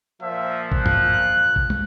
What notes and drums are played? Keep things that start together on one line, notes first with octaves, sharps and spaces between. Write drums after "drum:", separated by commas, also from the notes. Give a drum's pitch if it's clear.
A#2 F3 E5
F#6, drum: kick A1
drum: tom G2
drum: kick A1
drum: tom